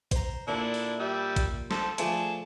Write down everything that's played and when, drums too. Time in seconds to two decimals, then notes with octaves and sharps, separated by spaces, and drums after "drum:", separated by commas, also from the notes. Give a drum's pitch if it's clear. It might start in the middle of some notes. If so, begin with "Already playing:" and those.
0.11 C5 A#5, drum: kick A#1, hi-hat
0.48 A#2 D4 E4 A4
0.74 drum: open hi-hat
1.00 G3 E5
1.36 drum: kick A#1, hi-hat
1.71 A4 C5, drum: snare
1.98 F3 A3 D4 G#4 A5, drum: hi-hat